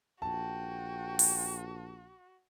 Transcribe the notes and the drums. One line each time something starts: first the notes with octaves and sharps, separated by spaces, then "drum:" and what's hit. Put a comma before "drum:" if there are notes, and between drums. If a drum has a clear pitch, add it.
A#1 F#4 G5 A5
drum: open hi-hat